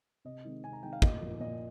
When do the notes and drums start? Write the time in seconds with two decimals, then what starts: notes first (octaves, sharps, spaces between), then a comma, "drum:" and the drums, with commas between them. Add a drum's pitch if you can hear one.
0.25 C3 D#5
0.45 D#3 G#3 C4 D#4
0.64 C3 G#5
0.73 A#5
0.83 D#3 G#3 C4 D#4 G5
0.93 F5
1.02 A#2 D#5, drum: kick
1.22 F3 A#3
1.40 A#2 D#5